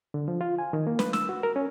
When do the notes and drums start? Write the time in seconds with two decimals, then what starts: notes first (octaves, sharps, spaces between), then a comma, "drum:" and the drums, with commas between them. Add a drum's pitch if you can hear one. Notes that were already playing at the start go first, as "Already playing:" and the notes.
0.14 D3
0.28 F3
0.41 F4
0.58 G#5
0.73 D#3
0.87 A#3
0.99 B4, drum: snare
1.13 E6, drum: snare
1.29 F#4
1.43 A#4
1.56 C#4